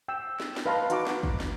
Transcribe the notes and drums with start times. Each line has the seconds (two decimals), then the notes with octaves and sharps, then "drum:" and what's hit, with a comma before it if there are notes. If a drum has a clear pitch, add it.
0.08 G5 E6
0.40 drum: snare
0.56 drum: snare
0.66 B4 D#5 F5 A5 A#5 C6
0.90 D#4 F#4 F#5 A#5 C#6 D6, drum: hi-hat
1.07 drum: snare
1.23 drum: kick
1.40 drum: snare